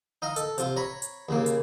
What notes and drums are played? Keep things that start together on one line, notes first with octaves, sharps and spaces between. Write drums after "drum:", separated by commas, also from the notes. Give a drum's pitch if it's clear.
D#4 F5 A#5
A4, drum: hi-hat
C3 F4, drum: hi-hat
C#5 A#5 B5
drum: hi-hat
D#2 C#3 A#3
drum: hi-hat